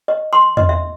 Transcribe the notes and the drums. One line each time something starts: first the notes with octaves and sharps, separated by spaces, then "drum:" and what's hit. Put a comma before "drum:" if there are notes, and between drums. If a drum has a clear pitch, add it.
D#5
C6
D#5, drum: tom E2
E5